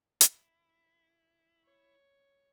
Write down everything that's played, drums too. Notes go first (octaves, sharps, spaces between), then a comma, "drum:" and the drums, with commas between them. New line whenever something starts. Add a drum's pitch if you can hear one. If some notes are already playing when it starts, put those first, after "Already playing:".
E4, drum: hi-hat
C#5